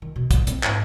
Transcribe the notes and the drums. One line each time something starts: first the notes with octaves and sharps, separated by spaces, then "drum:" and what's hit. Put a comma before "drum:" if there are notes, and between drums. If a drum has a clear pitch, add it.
D#3
B2
A#2, drum: kick, hi-hat
C4, drum: hi-hat
G#2, drum: clap